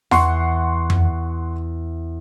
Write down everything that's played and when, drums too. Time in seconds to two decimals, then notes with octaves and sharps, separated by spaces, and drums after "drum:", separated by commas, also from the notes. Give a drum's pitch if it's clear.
0.11 E2 F#5 C6 C#6, drum: snare E4
0.90 drum: tom F2